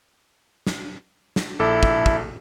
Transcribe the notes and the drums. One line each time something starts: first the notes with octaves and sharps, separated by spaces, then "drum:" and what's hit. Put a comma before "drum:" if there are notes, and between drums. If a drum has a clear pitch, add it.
drum: snare
drum: snare
A#1 E4 A4 D6
drum: kick
drum: kick